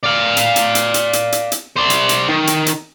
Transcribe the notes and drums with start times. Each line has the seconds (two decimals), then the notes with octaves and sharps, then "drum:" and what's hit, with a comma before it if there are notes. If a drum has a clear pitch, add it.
0.03 D5 F5
0.37 drum: hi-hat
0.56 drum: hi-hat
0.75 drum: hi-hat
0.94 drum: hi-hat
1.13 drum: hi-hat
1.32 drum: hi-hat
1.52 drum: hi-hat
1.76 C5 D5
1.90 drum: hi-hat
2.09 drum: hi-hat
2.28 D#3
2.47 drum: hi-hat
2.67 drum: hi-hat